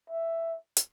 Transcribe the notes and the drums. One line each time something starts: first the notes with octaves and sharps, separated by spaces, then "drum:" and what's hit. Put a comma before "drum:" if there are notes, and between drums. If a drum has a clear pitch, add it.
E5
drum: hi-hat